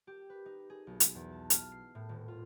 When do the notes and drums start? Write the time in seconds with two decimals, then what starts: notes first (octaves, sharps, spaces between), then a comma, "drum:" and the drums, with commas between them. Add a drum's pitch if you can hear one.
0.07 G4
0.30 B4
0.46 D#4
0.70 G#4
0.87 B1
1.00 drum: hi-hat
1.15 E2
1.32 A5
1.50 F6, drum: hi-hat
1.72 C7
1.95 A2
2.09 D#1
2.28 F4